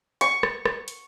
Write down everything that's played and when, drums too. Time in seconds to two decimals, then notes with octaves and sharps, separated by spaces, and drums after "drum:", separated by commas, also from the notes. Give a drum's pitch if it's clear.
0.21 C#6, drum: hi-hat
0.43 drum: rim click
0.66 drum: rim click
0.88 drum: hi-hat